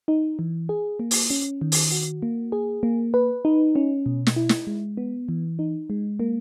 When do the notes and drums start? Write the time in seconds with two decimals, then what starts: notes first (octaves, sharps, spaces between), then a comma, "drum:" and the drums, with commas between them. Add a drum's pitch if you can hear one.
0.08 D#4
0.39 E3
0.69 G#4
1.00 A#3
1.11 drum: open hi-hat
1.30 C#4
1.61 D#3
1.72 drum: open hi-hat
1.92 F#4
2.22 A#3
2.52 G#4
2.83 A#3
3.14 B4
3.45 D#4
3.76 C#4
4.06 B2
4.27 drum: snare
4.36 E4
4.49 drum: snare
4.67 G#3
4.97 B3
5.29 E3
5.59 D#4
5.90 G#3
6.20 A#3